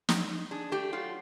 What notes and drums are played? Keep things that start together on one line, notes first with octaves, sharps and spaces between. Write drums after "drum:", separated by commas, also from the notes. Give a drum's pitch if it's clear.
D#4, drum: snare
D#4
D4 G#4
A3 G4
F#3 F4